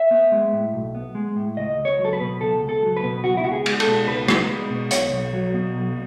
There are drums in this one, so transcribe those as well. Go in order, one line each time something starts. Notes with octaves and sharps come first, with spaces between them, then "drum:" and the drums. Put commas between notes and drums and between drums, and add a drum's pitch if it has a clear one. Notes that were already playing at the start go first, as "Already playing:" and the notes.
Already playing: E5
B3
G#3
A2
B1
B3
G#3
A2
C#2 D#5
C#2
C#5
F#3
A4
B4
B2
C#2 A4
C#2
A4
F#3
B4
B2
C#2 F#4
E4
B3 F#4
G#4
G#3, drum: cymbal
A4, drum: cymbal
B2
C#2 B4
B3, drum: rim click
G#3
B2
B1 C#5, drum: hi-hat
B1
F#3
B2
B1